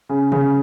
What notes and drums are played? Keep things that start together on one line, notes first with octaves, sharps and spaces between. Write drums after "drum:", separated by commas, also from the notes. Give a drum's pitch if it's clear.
C#3
C#3, drum: tom